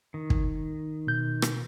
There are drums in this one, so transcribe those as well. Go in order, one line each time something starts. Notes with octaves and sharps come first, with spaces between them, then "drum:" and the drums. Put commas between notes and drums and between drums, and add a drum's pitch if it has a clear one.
D#3
drum: kick
B2 G6
drum: rim click